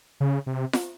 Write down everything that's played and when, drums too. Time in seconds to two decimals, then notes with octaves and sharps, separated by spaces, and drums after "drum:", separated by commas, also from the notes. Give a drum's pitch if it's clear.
0.20 C#3
0.47 C3
0.73 drum: snare F4